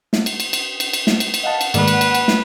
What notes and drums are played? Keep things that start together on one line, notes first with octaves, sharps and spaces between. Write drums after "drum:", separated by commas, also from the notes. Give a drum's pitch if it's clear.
drum: snare
drum: cymbal
drum: cymbal
drum: cymbal
drum: cymbal
drum: cymbal
drum: snare
drum: cymbal
drum: cymbal
D#5 F5 F#5 A5
drum: cymbal
G#2 D#3 G#3 A#3 B4 D5, drum: cymbal
drum: cymbal
drum: cymbal
drum: cymbal
drum: snare